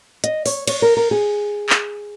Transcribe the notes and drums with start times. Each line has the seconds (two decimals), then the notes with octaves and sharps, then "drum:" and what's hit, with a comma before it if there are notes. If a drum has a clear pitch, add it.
0.24 D#5, drum: hi-hat
0.46 C#5, drum: open hi-hat
0.67 C#5, drum: cymbal
0.82 A#4
0.97 A#4
1.11 G#4
1.69 drum: clap